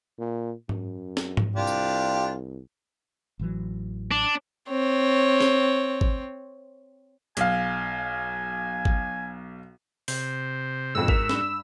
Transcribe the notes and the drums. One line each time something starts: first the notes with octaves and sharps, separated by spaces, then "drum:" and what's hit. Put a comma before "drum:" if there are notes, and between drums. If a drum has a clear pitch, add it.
A#2
F#2, drum: tom G#2
drum: snare
drum: tom G#2
C2 D4 F4 G4
drum: tambourine
A1 E3 F#3
D4
C4 C#5
drum: snare
drum: kick
B1 F5 G#5, drum: hi-hat
drum: kick
C3 C5, drum: open hi-hat
E1 F2 G#2 F#4 E6
A#4 B6 F7, drum: kick
G2 B5, drum: snare